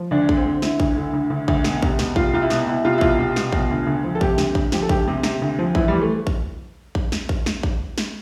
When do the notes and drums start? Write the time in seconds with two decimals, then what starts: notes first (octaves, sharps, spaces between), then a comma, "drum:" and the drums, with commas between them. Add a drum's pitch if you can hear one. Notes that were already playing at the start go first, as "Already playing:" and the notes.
Already playing: F3
0.11 D2 D4
0.29 D3, drum: kick A1
0.37 C4
0.46 D3
0.62 D3 E4, drum: snare
0.80 D2, drum: kick A1
0.96 D3
1.13 D2
1.30 D2
1.48 D2, drum: kick A1
1.64 B2, drum: snare
1.82 C2, drum: kick A1
1.99 B2, drum: snare
2.16 C2 F4, drum: kick A1
2.33 C2 F4
2.42 E4
2.50 B2, drum: snare
2.67 B2 E4
2.84 C2 F4
2.98 E4
3.01 B2 F4, drum: kick A1
3.19 C2
3.36 B2, drum: snare
3.53 B2, drum: kick A1
3.71 D2
3.87 D2
4.04 F3
4.15 A4
4.21 C3 G4, drum: kick A1
4.38 D2, drum: snare
4.55 D2, drum: kick A1
4.72 F3 G4, drum: snare
4.82 A4
4.89 D2 G4, drum: kick A1
5.08 C3
5.23 C3, drum: snare
5.42 D2
5.59 F3
5.75 E3 E4, drum: kick A1
5.88 G3
5.92 E3
6.01 A3
6.27 drum: kick A1
6.95 drum: kick A1
7.12 drum: snare
7.29 drum: kick A1
7.46 drum: snare
7.63 drum: kick A1
7.98 drum: snare